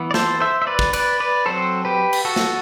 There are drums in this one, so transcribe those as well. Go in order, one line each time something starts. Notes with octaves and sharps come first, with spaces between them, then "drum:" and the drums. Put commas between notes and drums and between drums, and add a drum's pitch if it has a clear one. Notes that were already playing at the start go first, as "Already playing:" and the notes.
Already playing: E3 B3
D5
A4 C5, drum: snare
C5 E5
E5
B4 D5
drum: kick
B4 D5, drum: cymbal
B4 D5
F#3 C4 A4 C5
G4 B4
drum: cymbal
F#4 A4
drum: snare